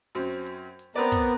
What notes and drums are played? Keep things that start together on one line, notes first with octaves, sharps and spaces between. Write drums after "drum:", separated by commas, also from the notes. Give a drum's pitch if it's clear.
F#2 F#3 C4
drum: hi-hat
drum: hi-hat
B3 C4 A#4 B4 D5, drum: hi-hat
drum: kick, hi-hat